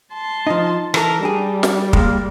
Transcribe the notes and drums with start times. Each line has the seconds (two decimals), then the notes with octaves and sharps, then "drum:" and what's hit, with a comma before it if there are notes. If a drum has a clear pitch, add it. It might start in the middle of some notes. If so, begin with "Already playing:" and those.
0.13 A5 C6
0.47 F3 D#4
0.94 E3 A4 A#4, drum: rim click
1.23 G3 D4 G#4
1.63 drum: snare
1.93 G#3 A#3, drum: kick